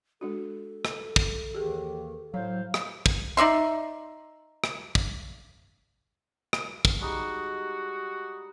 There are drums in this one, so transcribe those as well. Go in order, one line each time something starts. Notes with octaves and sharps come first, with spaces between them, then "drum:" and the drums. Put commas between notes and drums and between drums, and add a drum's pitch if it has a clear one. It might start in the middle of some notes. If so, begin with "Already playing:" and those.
G#3 D4 F#4 A4
drum: rim click
drum: kick
D#2 D#3 E3 G4 G#4
A2 F#3 C5 C#5 F5
drum: rim click
drum: kick
D#4 D5 E5 C6
drum: rim click
drum: kick
drum: rim click
drum: kick
G3 G#3 D#4 F#4